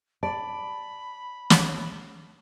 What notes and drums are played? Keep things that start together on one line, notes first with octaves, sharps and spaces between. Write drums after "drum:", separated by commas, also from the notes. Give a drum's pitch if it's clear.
D5 A5 B5
drum: snare